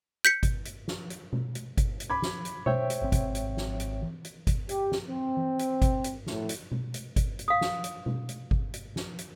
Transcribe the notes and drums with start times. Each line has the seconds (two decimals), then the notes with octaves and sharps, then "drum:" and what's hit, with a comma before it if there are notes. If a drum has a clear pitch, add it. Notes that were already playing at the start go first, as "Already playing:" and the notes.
0.25 G6 B6 C#7
0.43 drum: kick G1, hi-hat
0.65 drum: hi-hat
0.88 drum: snare
1.10 drum: hi-hat
1.33 drum: tom B2
1.55 drum: hi-hat
1.77 drum: kick G1, hi-hat
2.00 drum: hi-hat
2.10 B5 D6 G#6
2.22 drum: snare
2.45 drum: hi-hat
2.66 C5 C#5 E5 G5, drum: tom B2
2.90 drum: hi-hat
3.02 G#1 C4
3.12 drum: kick G1, hi-hat
3.35 drum: hi-hat
3.57 drum: snare
3.80 drum: hi-hat
4.02 drum: tom E3
4.24 drum: hi-hat
4.47 drum: kick G1, hi-hat
4.69 G4, drum: hi-hat
4.92 drum: snare
5.08 C4
5.37 drum: tom E3
5.59 drum: hi-hat
5.82 drum: kick G1, hi-hat
6.04 drum: hi-hat
6.27 A2, drum: snare
6.49 drum: hi-hat
6.71 drum: tom B2
6.94 drum: hi-hat
7.16 drum: kick G1, hi-hat
7.39 drum: hi-hat
7.48 F5 D#6
7.61 drum: snare
7.84 drum: hi-hat
8.06 drum: tom B2
8.29 drum: hi-hat
8.51 drum: kick G1
8.74 drum: hi-hat
8.96 drum: snare
9.18 drum: hi-hat